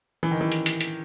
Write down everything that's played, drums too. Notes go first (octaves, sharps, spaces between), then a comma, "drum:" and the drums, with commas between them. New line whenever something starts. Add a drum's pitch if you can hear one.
E3
D#3
E3
drum: hi-hat
drum: hi-hat
drum: hi-hat